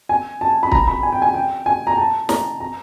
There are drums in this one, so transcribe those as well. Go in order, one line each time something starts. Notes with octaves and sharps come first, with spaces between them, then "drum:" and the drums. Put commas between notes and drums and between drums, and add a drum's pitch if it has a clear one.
G#5
A5
B5
A#5, drum: kick
B5
G#5
G5
G#5
G5
G#5
A#5
A5
A#5, drum: snare
A#5